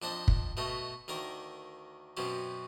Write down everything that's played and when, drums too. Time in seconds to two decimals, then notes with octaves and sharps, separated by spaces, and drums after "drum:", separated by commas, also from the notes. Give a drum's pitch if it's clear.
0.02 F2 D4 C5 D#5
0.28 drum: kick
0.57 B2 A3 D#5
1.08 D2 D#3 A#4 D6
2.17 F#2 B2 C4 C#4